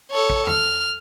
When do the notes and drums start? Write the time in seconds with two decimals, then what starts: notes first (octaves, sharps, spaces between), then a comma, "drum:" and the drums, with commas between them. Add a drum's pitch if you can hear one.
0.11 A4 C#5
0.30 drum: kick
0.47 F6, drum: tom E2